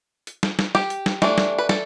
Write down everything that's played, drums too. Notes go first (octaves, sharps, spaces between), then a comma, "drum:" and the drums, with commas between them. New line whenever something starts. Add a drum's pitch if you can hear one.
drum: hi-hat
drum: snare
drum: snare
G4, drum: snare
drum: hi-hat
drum: snare
E3 A3 D4, drum: snare
drum: snare
B4
A4, drum: snare